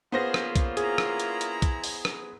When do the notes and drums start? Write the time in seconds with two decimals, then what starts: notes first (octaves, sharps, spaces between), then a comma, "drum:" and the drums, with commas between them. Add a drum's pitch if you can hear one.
0.12 A#3 B3 C#4 F4 G#4 C5 A#6
0.34 drum: rim click
0.56 drum: kick B1, hi-hat
0.77 E4 G#4 A#5, drum: hi-hat
0.98 drum: rim click
1.20 drum: hi-hat
1.41 drum: hi-hat
1.62 drum: kick B1, hi-hat
1.84 drum: open hi-hat
2.05 drum: rim click